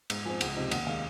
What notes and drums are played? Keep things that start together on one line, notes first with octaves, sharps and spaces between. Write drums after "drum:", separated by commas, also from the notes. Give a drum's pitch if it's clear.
G#2, drum: cymbal
F3 C4 G#5
C#2 F#5, drum: cymbal
C3 F3 C4 D#4
D#2 F#5, drum: cymbal
D#3 G#3 F5